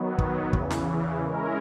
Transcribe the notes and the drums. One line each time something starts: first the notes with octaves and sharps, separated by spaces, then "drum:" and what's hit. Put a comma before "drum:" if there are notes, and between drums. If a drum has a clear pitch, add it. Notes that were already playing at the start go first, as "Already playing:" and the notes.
Already playing: D#3 F#3 B3
drum: kick
E2 C#3 E3, drum: kick
drum: snare
G#3 C#4 E4 A#4